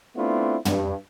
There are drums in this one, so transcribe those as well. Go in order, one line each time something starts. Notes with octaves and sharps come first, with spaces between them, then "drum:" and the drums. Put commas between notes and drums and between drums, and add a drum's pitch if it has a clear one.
A3 B3 C4 D4 E4 F4
G2, drum: tom